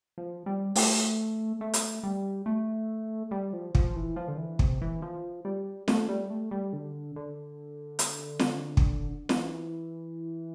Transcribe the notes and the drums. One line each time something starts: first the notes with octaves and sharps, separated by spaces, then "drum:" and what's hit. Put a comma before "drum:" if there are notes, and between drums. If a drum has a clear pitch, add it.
F3
G3
A3, drum: open hi-hat
A3
drum: hi-hat
G3
A3
G3
F3
F3, drum: kick
E3
F3
D3
E3
C3, drum: kick
E3
F3
G3
A3, drum: snare
G3
A3
G3
D3
D3
drum: hi-hat
drum: snare
drum: kick
E3, drum: snare